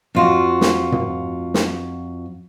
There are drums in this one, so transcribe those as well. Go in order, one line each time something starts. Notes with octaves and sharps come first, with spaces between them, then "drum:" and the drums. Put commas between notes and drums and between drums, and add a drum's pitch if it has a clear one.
F2 F4 F#4
drum: snare
drum: tom
drum: snare